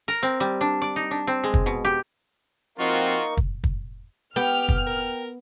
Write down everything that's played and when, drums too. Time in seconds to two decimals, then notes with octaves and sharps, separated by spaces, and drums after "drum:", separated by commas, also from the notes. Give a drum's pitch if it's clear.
0.08 A#4
0.23 C4
0.40 G3
0.61 D4
0.82 D5
0.96 D#4
1.11 D4
1.27 C4
1.44 G#3
1.54 drum: kick
1.66 B2
1.85 G4
2.79 F3 A#3 C4 D#4 F4 F#4 C#6
3.37 drum: kick
3.64 drum: kick
4.36 B3 G4 G5 F6
4.69 drum: kick
4.87 A#4